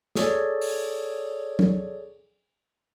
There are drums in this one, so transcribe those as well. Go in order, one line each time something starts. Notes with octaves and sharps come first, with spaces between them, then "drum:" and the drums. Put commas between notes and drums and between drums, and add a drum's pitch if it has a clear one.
G#4 A4 C#5 D5, drum: snare
drum: open hi-hat
drum: tom